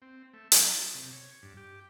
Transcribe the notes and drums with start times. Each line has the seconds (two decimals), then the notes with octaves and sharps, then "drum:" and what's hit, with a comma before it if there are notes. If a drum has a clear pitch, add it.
0.02 C4
0.34 A3
0.52 F#3, drum: hi-hat
0.72 A5
0.95 C3
1.13 C#5
1.43 G2
1.57 G4